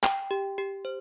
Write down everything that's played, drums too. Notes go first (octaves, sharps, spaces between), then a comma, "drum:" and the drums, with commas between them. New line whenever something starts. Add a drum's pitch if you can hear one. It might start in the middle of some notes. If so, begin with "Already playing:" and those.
G5, drum: clap
G4
G4
C5